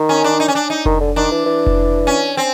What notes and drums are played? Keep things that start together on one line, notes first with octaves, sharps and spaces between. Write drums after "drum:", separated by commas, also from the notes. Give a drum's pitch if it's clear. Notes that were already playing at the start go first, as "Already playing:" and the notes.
Already playing: D#3
C#4
D4
D#4
C#4
D4
D#4
D#3, drum: kick F1
D3
D#3 D4
E3
E3
drum: kick F1
C#4
C4